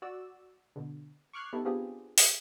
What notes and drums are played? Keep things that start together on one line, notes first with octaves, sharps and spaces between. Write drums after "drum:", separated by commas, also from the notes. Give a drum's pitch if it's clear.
F#4 D5 E6
B2 D3
C#6 D6 F6 F#6 G#6 C7
B3 D#4 E4 G4 A4
B3 C4 D4 F4 G4 G#4
drum: open hi-hat